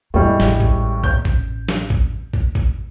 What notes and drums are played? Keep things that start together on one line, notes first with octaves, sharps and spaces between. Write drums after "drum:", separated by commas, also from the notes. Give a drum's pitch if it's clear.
E2 A2 G3 G#3
A1, drum: snare
drum: kick
G6, drum: kick
drum: kick
drum: snare
drum: kick
drum: kick
drum: kick